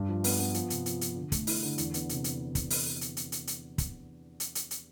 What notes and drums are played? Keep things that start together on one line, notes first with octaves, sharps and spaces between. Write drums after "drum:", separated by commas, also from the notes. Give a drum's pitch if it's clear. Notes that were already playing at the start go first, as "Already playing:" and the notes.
Already playing: G2
F3
B3, drum: open hi-hat
B3
F3, drum: hi-hat
C3, drum: hi-hat
F3, drum: hi-hat
F3, drum: hi-hat
D3
A3, drum: kick, hi-hat
E4, drum: open hi-hat
D3
E2, drum: hi-hat
B3, drum: hi-hat
C3, drum: hi-hat
drum: hi-hat
drum: kick, hi-hat
drum: open hi-hat
drum: hi-hat
drum: hi-hat
drum: hi-hat
drum: hi-hat
drum: kick, hi-hat
drum: hi-hat
drum: hi-hat
drum: hi-hat